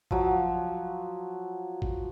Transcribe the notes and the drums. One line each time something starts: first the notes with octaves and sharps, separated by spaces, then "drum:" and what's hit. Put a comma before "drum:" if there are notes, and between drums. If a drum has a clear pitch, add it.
F3 F#3, drum: kick
drum: kick